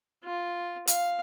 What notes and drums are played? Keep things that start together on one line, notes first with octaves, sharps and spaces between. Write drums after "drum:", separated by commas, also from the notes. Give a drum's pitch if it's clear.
F4
F5, drum: hi-hat